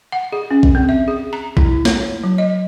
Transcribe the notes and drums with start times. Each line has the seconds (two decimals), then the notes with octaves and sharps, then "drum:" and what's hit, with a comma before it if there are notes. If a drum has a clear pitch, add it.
0.12 F#5
0.32 G#4
0.51 C#4
0.63 drum: kick A#1
0.75 C4
0.89 E5
1.08 G#4
1.33 A#5
1.57 E4, drum: kick A#1
1.85 C#5, drum: snare
2.24 F#3
2.38 D#5